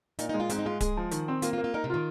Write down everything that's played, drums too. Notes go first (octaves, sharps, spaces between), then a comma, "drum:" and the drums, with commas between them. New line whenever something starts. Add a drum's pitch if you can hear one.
A#2 D#4, drum: hi-hat
G#3 D#4
F4
G#2 C4, drum: hi-hat
D#4
G#3 F4
G#3 G#4, drum: kick D1, hi-hat
F3
D#3, drum: hi-hat
C4
A#3 F4, drum: hi-hat
F4
A#3
F4
D#4 A#4
C3
D#3 F4